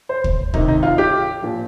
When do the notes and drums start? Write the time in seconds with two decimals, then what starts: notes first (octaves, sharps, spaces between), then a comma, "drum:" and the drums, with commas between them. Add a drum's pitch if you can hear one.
0.09 C5
0.24 drum: kick D2
0.54 C3 D#3 D#4, drum: kick D2
0.68 D#4
0.83 F4
0.98 G4
1.42 A#2 F3